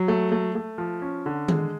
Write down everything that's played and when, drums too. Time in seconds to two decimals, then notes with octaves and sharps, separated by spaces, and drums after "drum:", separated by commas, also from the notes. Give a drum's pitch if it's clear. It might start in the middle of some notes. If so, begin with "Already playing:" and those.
Already playing: F#3
0.08 A3
0.32 A3
0.55 A3
0.78 F3
1.02 C#4
1.26 D3
1.48 G#3, drum: tom D#3